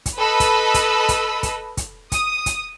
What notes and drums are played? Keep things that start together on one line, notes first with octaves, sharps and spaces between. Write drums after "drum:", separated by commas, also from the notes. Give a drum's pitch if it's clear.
drum: kick, hi-hat
A4 B4 D#5 B5 E6
drum: kick, hi-hat
drum: kick, hi-hat
drum: kick, hi-hat
drum: kick, hi-hat
drum: kick, hi-hat
D#6, drum: kick, hi-hat
drum: kick, hi-hat